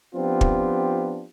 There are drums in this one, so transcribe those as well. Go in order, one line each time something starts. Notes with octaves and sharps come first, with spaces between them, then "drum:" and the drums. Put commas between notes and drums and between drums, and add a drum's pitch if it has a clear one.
F3 B3 C4 D4 F4 G4
drum: kick